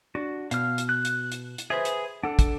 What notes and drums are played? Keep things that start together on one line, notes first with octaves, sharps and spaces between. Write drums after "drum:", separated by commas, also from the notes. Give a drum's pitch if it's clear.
D4 F#4
B2 F5 F6, drum: hi-hat
drum: hi-hat
F#6
drum: hi-hat
drum: hi-hat
drum: hi-hat
G#4 B4 C5 E5
drum: hi-hat
D4 A4 F#5
drum: kick, hi-hat